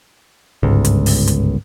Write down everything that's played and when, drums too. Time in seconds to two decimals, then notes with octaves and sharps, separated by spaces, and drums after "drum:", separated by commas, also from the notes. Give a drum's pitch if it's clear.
0.63 G1 C#2 G#2
0.85 drum: hi-hat
1.06 drum: open hi-hat
1.27 drum: hi-hat